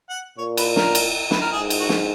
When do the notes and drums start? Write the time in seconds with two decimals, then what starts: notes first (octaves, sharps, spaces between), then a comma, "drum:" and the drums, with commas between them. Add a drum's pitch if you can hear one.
0.10 F#5
0.38 A#2 C#5
0.57 B4, drum: cymbal
0.76 A#4, drum: snare
0.95 drum: cymbal
1.31 B4, drum: snare
1.41 A#4
1.51 G#2 G#4
1.70 drum: cymbal
1.80 F#4
1.89 drum: snare